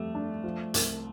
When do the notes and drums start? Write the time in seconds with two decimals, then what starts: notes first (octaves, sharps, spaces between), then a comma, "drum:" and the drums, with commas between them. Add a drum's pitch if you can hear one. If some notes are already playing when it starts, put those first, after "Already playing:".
Already playing: F2 G3 A3
0.15 D4
0.44 F3
0.74 C2, drum: hi-hat